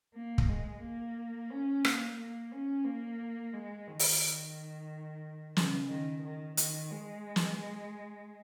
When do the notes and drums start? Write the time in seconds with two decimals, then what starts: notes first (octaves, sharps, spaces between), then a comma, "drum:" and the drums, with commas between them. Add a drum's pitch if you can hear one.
0.14 A#3
0.38 drum: kick
0.49 G#3
0.82 A#3
1.50 C#4
1.85 A#3, drum: rim click
2.17 A#3
2.52 C#4
2.85 A#3
3.53 G#3
3.87 D#3
3.99 drum: open hi-hat
5.57 C#3, drum: snare
5.90 D#3
6.24 D#3
6.57 D#3, drum: hi-hat
6.91 G#3
7.36 drum: snare